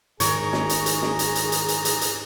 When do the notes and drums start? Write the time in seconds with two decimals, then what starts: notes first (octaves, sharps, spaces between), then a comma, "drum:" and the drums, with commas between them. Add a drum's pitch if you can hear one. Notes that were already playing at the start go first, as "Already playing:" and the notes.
0.20 G#2 D#3 G#4 C#5 A#5, drum: hi-hat
0.53 drum: snare
0.69 drum: hi-hat
0.86 drum: hi-hat
1.02 drum: snare
1.19 drum: hi-hat
1.35 drum: hi-hat
1.52 drum: hi-hat
1.68 drum: hi-hat
1.85 drum: hi-hat
2.01 drum: hi-hat